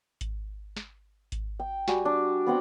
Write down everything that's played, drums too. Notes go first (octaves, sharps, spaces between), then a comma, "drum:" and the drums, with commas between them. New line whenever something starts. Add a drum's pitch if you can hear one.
drum: kick G#1, hi-hat
drum: snare
drum: kick G#1, hi-hat
G5
G3 F#4 G#5, drum: snare
D4
B3 C4 F#5 G5